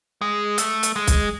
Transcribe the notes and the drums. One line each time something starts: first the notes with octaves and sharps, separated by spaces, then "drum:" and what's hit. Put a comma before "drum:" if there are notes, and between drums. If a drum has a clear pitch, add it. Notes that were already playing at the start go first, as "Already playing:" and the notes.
G#3
A3, drum: hi-hat
drum: hi-hat
G#3
drum: kick, hi-hat